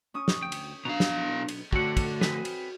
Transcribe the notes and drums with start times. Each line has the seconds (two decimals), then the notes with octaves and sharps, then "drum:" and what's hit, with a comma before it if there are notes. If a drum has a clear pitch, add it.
0.14 C#4 D#6
0.28 drum: snare
0.43 D2 C3 G5
0.52 drum: cymbal
0.85 B1 B2 B3 D4 F5 A#5
1.00 drum: snare
1.48 drum: cymbal
1.73 D3 A3 C4 F#4 C#5 F#5, drum: kick
1.97 drum: kick, cymbal
2.21 C4 G#4 B4, drum: snare
2.45 drum: cymbal